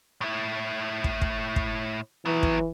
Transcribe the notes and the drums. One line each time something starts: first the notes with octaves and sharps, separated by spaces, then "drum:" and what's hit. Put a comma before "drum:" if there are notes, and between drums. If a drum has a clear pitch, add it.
A2 E4
drum: kick
drum: kick
drum: kick
E3 F#3 B3
drum: kick